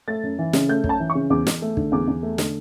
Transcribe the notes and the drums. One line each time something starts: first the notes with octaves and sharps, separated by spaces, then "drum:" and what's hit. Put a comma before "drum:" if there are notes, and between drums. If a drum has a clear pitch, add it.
A3 A6
F#2
E3
C#3, drum: snare
A3 G6
F#2, drum: kick
A5
E3
C#6
C#3
E2 D6
E2, drum: snare
A3
D3, drum: kick
E2 D6
E2
A3
D3, drum: snare